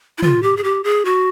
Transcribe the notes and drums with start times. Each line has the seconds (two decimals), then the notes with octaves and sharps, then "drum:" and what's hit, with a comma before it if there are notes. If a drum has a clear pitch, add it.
0.18 E4
0.22 F4, drum: tom
0.43 G4
0.57 G#4
0.64 G4
0.84 G#4
1.05 F#4